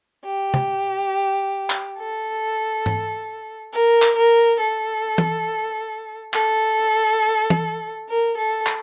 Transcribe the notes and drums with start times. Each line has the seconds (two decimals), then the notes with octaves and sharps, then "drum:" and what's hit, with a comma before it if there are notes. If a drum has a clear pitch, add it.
0.25 G4
0.54 drum: tom
1.70 drum: clap
1.98 A4
2.86 drum: tom G#2
3.73 A#4
4.02 drum: clap
4.17 A#4
4.60 A4
5.18 drum: tom
6.34 A4, drum: clap
7.50 drum: tom
8.09 A#4
8.38 A4
8.66 drum: clap